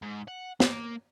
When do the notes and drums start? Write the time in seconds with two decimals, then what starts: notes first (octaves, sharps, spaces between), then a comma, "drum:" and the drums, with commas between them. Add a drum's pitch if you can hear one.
0.02 G#2
0.28 F#5
0.60 A#3, drum: snare